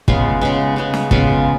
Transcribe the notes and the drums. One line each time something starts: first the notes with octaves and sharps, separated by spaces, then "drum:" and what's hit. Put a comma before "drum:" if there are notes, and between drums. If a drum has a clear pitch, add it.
C#3 G#3 B3 F4, drum: kick
C#3 G#3 B3
C#3 G#3 B3
drum: snare
C#3 G#3 B3 F4, drum: kick